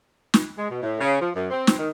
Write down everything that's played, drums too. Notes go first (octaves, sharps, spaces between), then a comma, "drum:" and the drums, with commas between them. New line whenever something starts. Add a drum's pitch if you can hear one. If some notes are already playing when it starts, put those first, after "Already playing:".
drum: snare
G#3
B2
A2
C#3
F3
F#2
C4
drum: snare
D#3